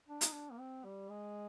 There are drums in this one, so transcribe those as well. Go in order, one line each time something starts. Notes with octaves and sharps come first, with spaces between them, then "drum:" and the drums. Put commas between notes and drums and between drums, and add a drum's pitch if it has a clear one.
D4
D#4, drum: hi-hat
D4
A#3
C4
G3
G#3